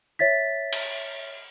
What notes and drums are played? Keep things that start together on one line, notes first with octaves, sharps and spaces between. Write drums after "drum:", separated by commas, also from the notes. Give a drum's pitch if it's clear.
C#5 E5 A6 B6
drum: cymbal